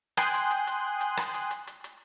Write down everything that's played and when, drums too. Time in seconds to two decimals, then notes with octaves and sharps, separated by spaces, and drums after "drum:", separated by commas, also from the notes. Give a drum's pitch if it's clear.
0.17 G5 G#5 C6 D#6 F#6 G6, drum: rim click
0.34 drum: hi-hat
0.51 drum: hi-hat
0.67 drum: hi-hat
1.01 drum: hi-hat
1.17 drum: rim click
1.34 drum: hi-hat
1.51 drum: hi-hat
1.67 drum: hi-hat
1.84 drum: hi-hat